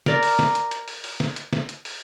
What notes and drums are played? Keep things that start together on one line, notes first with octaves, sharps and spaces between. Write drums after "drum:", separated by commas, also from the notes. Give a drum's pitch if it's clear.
A#4 D5, drum: snare
drum: open hi-hat
drum: snare
drum: hi-hat
drum: hi-hat
drum: open hi-hat
drum: open hi-hat
drum: snare
drum: hi-hat
drum: snare
drum: hi-hat
drum: open hi-hat